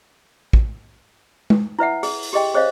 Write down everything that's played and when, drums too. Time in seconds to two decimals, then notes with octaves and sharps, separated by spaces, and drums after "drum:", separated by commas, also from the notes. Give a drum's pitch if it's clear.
0.53 drum: kick A1
1.50 drum: tom G#3
1.79 E4 B4 E5 F#5
2.03 G#4, drum: open hi-hat
2.23 drum: open hi-hat
2.33 G4 G#4 D#5 G5
2.54 G#4 C5 C#5 D#5 F5